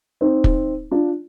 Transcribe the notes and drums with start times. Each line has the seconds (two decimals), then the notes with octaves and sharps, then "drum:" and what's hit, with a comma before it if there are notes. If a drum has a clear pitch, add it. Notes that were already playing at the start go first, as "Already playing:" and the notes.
0.21 C4 D#4
0.44 drum: kick
0.91 D4 F4